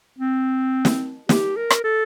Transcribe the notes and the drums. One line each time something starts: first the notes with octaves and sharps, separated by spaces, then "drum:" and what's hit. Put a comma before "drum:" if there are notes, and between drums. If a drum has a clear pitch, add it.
C4
drum: snare
G4, drum: snare
A#4
drum: rim click
A4